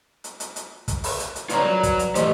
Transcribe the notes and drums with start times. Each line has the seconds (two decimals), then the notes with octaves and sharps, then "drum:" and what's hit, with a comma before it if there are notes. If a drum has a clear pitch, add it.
0.24 drum: hi-hat
0.40 drum: hi-hat
0.56 drum: hi-hat
0.88 drum: kick, hi-hat
1.04 drum: open hi-hat
1.20 drum: hi-hat
1.36 drum: hi-hat
1.49 F4 A#4 B4 C#5 D5 A#5, drum: hi-hat
1.64 F#3
1.83 drum: kick, hi-hat
1.99 drum: hi-hat
2.15 E3 A3 G4 C5 D#5, drum: hi-hat